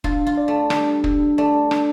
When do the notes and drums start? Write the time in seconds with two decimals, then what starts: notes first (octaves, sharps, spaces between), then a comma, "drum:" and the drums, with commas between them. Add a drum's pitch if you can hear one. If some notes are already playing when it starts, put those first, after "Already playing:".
0.04 D4 F4, drum: kick
0.27 F4
0.37 D5
0.48 A3
0.70 G3 D4, drum: rim click
1.04 D4, drum: kick
1.38 A3 D5
1.71 D4, drum: rim click